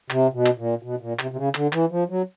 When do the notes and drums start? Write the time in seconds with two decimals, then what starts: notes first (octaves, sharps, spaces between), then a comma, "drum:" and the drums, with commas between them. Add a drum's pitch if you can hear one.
0.10 C3, drum: clap
0.34 B2
0.46 drum: clap
0.58 A#2
0.83 B2
1.01 A#2
1.19 C3, drum: clap
1.31 C3
1.36 C#3
1.55 D3, drum: clap
1.73 E3, drum: clap
1.91 F3
2.10 F#3